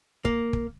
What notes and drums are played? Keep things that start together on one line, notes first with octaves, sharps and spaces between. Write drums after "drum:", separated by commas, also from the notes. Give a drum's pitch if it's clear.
A#3, drum: kick
drum: kick